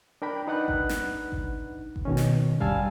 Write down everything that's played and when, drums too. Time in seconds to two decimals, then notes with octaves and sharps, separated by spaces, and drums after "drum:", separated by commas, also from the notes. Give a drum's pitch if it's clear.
0.22 D4 A#4 G5 B5
0.47 D4 D#4 B4 F#5 B5 F#6
0.68 drum: kick G#1
0.89 drum: snare
1.32 drum: kick G#1
1.96 drum: kick G#1
2.05 B2 D#3 C#4
2.17 drum: snare
2.60 G2 G3 F5 G#5 A5 E6, drum: kick G#1